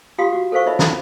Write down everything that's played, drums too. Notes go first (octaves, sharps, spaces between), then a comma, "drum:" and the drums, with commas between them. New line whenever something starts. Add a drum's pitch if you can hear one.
F4 G4 F5 C6 D#6
F#4
A4 A#4 C5 F5 C#6
D#4 A#4 C#5 D#5 E5 B5
A#5 B5, drum: snare